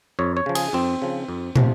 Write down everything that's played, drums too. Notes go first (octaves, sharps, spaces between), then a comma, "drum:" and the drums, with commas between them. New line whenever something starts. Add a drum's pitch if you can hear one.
F2 C#5
C#5
C#3 F3
G#4, drum: cymbal
F2 C4
C#3 F3
F2
C3 F3, drum: tom